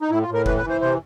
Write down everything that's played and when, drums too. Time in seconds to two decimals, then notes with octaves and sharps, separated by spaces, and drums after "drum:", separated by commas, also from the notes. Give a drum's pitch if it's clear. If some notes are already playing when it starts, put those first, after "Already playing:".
0.02 D#4
0.10 A2 E4
0.22 F4
0.28 A2
0.34 A#4
0.46 E3 B4, drum: kick F#1
0.58 B4
0.64 E3
0.70 C5
0.81 C3 C5